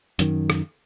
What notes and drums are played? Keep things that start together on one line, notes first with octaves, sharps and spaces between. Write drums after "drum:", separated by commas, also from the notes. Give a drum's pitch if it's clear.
F#2 D#3, drum: hi-hat
drum: rim click